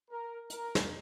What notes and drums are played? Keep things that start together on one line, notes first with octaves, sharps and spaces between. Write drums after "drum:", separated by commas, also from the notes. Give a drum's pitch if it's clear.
A#4
A#4, drum: hi-hat
drum: snare